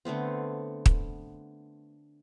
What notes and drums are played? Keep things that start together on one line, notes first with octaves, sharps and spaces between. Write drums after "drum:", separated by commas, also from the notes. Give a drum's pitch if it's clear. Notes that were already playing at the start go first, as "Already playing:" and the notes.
D3 A3 B3 C4
drum: kick